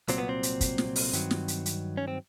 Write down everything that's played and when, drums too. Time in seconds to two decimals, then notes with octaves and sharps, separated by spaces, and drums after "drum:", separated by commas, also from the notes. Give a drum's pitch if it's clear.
0.08 C2 A#2 F#3 C4, drum: hi-hat
0.18 B3
0.29 C4
0.43 drum: hi-hat
0.61 drum: kick, hi-hat
0.78 drum: snare
0.96 drum: open hi-hat
1.13 G2 D#3 F#3, drum: hi-hat
1.31 drum: snare
1.48 drum: hi-hat
1.66 drum: hi-hat
1.97 C#4
2.08 C4